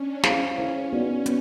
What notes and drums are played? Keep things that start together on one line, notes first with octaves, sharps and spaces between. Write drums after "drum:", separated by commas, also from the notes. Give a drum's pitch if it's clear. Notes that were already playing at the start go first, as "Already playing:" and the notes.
Already playing: C#4 D4
C#4 E4 G#4 C5 F5, drum: snare
C#4 E4 G#4 C5 F5
B3 D#4 F#4 B4 D5
B3, drum: hi-hat